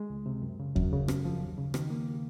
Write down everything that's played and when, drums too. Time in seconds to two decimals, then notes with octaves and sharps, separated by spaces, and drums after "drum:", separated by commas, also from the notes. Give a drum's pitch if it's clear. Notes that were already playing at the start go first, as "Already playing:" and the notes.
Already playing: G#3
0.10 C#2
0.26 C3
0.42 F#2
0.60 C#3
0.76 F#2, drum: kick D#2
0.92 C#3
1.08 F#2, drum: rim click
1.25 F3
1.41 D#2
1.58 C#3
1.74 D#3, drum: rim click
1.90 A#3